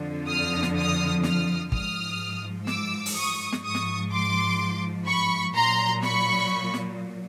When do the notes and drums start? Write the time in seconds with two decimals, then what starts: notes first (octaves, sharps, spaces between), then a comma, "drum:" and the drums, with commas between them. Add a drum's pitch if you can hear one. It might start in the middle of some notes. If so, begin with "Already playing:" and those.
Already playing: F2 D3 F3
0.28 D#6 F6
0.63 drum: snare
0.76 D#6 F6
1.23 D#6 F6, drum: snare
1.72 G#2 F3 D#6 F6, drum: kick
2.67 D6 E6, drum: snare
3.06 drum: open hi-hat
3.15 C#6 D#6
3.52 drum: snare
3.63 G#2 F3 C#6 D#6
3.75 drum: snare
4.12 C6 D6
5.07 B5 C#6
5.55 A#2 F#3 A#5 C6
6.02 B5 C#6, drum: snare
6.74 drum: snare